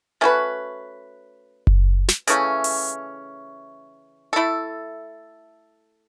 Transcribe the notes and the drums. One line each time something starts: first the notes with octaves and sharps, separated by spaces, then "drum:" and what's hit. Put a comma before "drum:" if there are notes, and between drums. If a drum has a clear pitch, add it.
A3 C#4 F#4 B4
drum: kick F#1
drum: snare
C#3 E3 A3 C#4, drum: hi-hat
drum: open hi-hat
A3 E4 A4